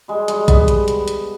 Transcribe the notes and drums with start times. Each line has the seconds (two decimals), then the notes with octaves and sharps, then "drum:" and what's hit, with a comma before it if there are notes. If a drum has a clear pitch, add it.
0.08 G3 G#3
0.28 G3 G#3, drum: hi-hat
0.48 G3 B3, drum: kick A#1, hi-hat
0.68 drum: hi-hat
0.88 drum: hi-hat
1.08 drum: hi-hat